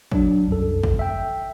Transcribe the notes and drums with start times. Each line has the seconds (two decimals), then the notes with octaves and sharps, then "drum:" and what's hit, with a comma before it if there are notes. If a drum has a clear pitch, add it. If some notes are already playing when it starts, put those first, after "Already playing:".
0.11 F#3 D4, drum: kick
0.48 C2 F#2 A4
0.83 drum: kick
0.99 E5 G5